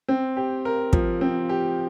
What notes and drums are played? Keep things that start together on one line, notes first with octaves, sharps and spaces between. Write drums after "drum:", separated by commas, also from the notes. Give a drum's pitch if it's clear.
C4
G4
A#4
F3, drum: kick
C4
G4